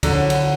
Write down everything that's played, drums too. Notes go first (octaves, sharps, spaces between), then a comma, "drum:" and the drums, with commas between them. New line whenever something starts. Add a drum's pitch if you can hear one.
D3 F#3, drum: kick C2, cymbal
drum: cymbal